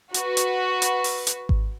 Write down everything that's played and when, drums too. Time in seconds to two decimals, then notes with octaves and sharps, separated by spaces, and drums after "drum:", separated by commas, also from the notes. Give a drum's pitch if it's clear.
0.14 F#4 B4, drum: hi-hat
0.37 drum: hi-hat
0.82 drum: hi-hat
1.04 drum: open hi-hat
1.27 drum: hi-hat
1.49 drum: kick G#1